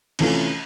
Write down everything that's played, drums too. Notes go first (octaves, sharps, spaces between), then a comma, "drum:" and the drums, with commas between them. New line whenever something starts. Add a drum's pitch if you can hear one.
C3 E3 A3 C#4 F4, drum: cymbal